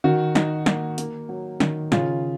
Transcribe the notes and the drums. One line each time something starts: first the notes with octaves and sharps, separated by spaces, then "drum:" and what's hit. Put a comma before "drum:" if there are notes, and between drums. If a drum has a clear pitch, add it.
D#3 F#4
D#4, drum: snare
A#3, drum: snare
A#3, drum: hi-hat
F#3
D#3, drum: snare
C#3 F4, drum: snare